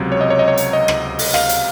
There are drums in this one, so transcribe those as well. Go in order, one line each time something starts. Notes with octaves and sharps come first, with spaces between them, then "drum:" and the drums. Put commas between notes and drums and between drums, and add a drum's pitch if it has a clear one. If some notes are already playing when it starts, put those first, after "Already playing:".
Already playing: C#2 C3 F#3
C#5
D#5
C#5
D#5
C#5
drum: hi-hat
D#5
drum: rim click
drum: open hi-hat
F5, drum: rim click
drum: hi-hat